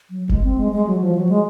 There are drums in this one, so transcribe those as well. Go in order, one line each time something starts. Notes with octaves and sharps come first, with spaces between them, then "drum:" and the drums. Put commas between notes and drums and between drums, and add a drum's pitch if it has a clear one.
F#3
G#3, drum: kick F1
C4
G#3
G#3
F#3
F3
F#3
G#3